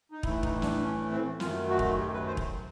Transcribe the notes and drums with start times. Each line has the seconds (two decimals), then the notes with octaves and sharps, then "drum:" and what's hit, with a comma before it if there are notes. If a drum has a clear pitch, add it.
0.12 D#4
0.23 A2 E3 A3 E4, drum: kick
0.43 D#4, drum: kick
0.62 D4, drum: snare
0.82 C#4
1.11 C4
1.40 F#2 D#3 F#3 A3 F4, drum: snare
1.69 F#4
1.79 drum: kick
1.98 G4
2.14 B4
2.27 C5
2.37 drum: kick